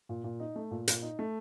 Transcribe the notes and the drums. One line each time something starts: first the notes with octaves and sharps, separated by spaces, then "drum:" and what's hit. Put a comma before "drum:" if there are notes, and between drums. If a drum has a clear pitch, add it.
A#2
A#2
D#4
A3
A#2
A#2, drum: hi-hat
D#4
A3